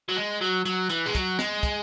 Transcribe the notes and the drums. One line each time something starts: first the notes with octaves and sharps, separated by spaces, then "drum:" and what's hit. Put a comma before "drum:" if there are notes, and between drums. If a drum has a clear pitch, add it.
F#3
G#3
F#3
F#3, drum: hi-hat
E3, drum: hi-hat
G#3
F#3, drum: kick, hi-hat
G#3, drum: snare
drum: kick, hi-hat